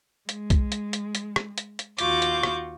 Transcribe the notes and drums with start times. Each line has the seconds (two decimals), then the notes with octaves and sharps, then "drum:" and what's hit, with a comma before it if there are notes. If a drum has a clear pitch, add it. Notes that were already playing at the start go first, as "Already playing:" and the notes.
0.29 G#3, drum: hi-hat
0.50 drum: kick B1, hi-hat
0.72 drum: hi-hat
0.93 drum: hi-hat
1.15 drum: hi-hat
1.36 drum: rim click
1.58 drum: hi-hat
1.79 drum: hi-hat
1.98 D#2 F4 F#4 C#6 D6 G6, drum: hi-hat
2.22 drum: hi-hat
2.43 drum: rim click